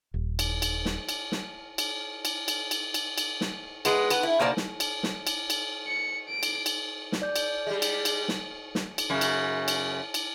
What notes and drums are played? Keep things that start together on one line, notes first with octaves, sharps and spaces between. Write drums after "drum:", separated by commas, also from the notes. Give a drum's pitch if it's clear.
D#1
drum: cymbal
drum: cymbal
drum: snare
drum: cymbal
drum: snare
drum: cymbal
drum: cymbal
drum: cymbal
drum: cymbal
drum: cymbal
drum: cymbal
drum: snare
G#3 B3, drum: cymbal
B3, drum: cymbal
E4
B2 A#3 C5 D5
drum: snare
drum: cymbal
drum: snare
drum: cymbal
drum: cymbal
C#7
D7
drum: cymbal
drum: cymbal
drum: snare
D5 G6
drum: cymbal
G3 G#3
drum: cymbal
drum: cymbal
drum: snare
drum: snare
drum: cymbal
F#2 C#3
drum: cymbal
drum: cymbal
drum: cymbal